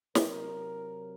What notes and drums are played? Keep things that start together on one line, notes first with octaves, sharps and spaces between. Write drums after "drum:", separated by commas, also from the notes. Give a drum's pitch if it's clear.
C3 F#3 A#4, drum: snare